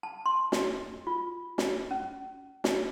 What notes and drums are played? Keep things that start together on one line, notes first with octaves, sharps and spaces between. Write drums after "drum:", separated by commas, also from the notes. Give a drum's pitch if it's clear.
A5
C6
drum: snare
F4
drum: snare
C#4
drum: snare